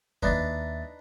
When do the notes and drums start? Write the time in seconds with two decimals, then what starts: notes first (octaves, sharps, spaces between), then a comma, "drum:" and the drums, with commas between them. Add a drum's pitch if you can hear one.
0.22 D#2 D4 D#4 B4 E5 A6, drum: kick F2